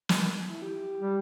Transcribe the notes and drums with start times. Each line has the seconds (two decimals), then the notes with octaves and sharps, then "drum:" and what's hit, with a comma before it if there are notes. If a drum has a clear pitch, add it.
0.09 drum: snare
0.47 E4
0.62 G4
1.00 G3